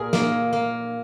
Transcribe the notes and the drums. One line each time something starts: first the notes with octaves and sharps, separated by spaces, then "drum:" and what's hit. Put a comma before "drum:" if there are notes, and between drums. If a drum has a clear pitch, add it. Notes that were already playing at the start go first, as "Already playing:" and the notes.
Already playing: A#2 G#4 A#4
A#3, drum: snare
A#3